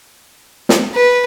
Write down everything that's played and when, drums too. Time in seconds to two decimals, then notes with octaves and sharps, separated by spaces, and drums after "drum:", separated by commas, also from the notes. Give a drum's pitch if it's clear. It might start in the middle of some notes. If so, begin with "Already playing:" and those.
0.69 drum: snare
0.95 B4